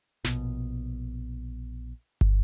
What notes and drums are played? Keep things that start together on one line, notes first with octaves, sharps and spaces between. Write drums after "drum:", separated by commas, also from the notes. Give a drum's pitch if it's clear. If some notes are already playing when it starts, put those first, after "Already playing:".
A#1 B2, drum: snare
drum: kick